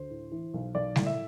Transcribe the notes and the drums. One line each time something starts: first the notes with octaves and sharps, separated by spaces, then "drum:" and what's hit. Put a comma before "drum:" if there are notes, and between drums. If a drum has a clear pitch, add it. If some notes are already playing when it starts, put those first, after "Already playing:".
Already playing: D2 C5
A2
E3
B1
B1 D5
A2, drum: snare
E5